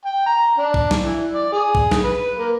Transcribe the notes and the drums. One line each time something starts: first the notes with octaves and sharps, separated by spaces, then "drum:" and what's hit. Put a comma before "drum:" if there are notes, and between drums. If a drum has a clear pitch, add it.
G5
A#5
D4
drum: kick
drum: snare
E3
D5
G#4
drum: kick
drum: snare
B4
A#3